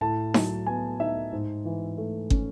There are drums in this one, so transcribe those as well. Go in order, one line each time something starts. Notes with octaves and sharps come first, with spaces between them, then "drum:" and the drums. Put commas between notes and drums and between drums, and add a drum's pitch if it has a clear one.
A2 A5
F#3, drum: snare D#4
B3 G#5
D#4 E5
G#2
E3
A3
C#4, drum: kick